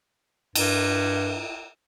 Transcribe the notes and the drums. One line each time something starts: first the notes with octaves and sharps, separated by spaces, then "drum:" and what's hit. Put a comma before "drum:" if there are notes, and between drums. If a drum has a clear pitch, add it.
G2, drum: cymbal